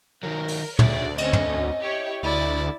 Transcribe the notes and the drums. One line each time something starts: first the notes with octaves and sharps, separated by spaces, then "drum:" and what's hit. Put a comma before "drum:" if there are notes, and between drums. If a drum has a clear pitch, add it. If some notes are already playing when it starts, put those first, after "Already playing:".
D#3 F#3 A#4
drum: open hi-hat
D2 G#4 C#5 D5 E5, drum: tom
C4 C#4 D#5, drum: cymbal
drum: tom
E4 G4 C#5
D2 E4 D5 A6